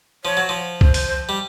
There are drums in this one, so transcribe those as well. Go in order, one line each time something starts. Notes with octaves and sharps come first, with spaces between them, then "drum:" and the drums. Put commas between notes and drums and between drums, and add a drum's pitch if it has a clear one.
F3 C#5
F#3
F3
C5, drum: kick
drum: open hi-hat
G3